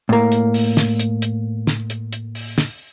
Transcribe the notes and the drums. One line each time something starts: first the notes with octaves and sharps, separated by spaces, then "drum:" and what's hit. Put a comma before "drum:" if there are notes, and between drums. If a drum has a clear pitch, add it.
A2 A#3
drum: hi-hat
drum: open hi-hat
drum: snare
drum: hi-hat
drum: hi-hat
drum: snare
drum: hi-hat
drum: hi-hat
drum: open hi-hat
drum: snare